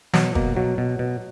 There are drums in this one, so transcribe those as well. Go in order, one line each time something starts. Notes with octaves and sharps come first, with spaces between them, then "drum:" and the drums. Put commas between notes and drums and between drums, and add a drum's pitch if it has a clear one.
B2 F#3, drum: snare
B2 A#3, drum: kick
B2 F#3
B2
B2